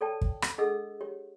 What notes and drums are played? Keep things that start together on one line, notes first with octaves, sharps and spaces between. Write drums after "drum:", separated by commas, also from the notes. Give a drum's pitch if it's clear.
A4 C#5 D5 G5 A5
drum: kick
drum: rim click
D4 G#4 A4 D#5 F#5 E6
G4 C#5